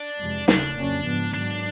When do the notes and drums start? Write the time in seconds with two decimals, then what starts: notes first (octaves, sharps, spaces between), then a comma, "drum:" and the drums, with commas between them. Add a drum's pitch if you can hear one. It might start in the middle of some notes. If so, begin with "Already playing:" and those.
Already playing: D4
0.19 F2 C3 E3 G#3
0.48 D#2 C#3 F3 A3 D4, drum: snare
0.76 F2 C#3 F#3 A#3 C#4
1.05 G#2 F3 G#3 B3
1.34 G#2 D#3 F#3 D4